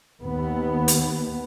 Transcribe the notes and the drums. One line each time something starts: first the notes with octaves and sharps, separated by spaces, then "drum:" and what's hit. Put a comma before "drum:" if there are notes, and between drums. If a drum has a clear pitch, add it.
D#2 B3
drum: hi-hat